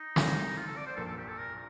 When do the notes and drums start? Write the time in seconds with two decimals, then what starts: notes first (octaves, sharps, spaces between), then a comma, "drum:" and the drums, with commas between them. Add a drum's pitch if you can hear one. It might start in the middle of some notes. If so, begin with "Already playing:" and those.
Already playing: D#4
0.16 C2 C3, drum: snare
0.57 F4
0.67 A4
0.77 D5
0.86 C5
0.96 A#1 A#2 A4
1.07 A4
1.17 G4
1.28 A4
1.38 A#4